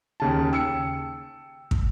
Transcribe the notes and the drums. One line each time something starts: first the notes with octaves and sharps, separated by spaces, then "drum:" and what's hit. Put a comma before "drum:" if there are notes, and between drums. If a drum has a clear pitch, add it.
D#2 C#3 A5
G5 E6 C#7
drum: kick